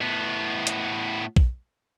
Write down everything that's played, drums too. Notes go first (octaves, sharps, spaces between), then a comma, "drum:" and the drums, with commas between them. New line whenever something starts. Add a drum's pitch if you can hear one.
A2 B3
drum: hi-hat
drum: kick B1